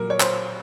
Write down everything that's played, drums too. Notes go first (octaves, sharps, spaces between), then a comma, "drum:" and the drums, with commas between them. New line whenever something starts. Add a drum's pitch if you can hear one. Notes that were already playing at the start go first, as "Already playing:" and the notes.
Already playing: A#2 F#3 A#4
C#5
C5, drum: clap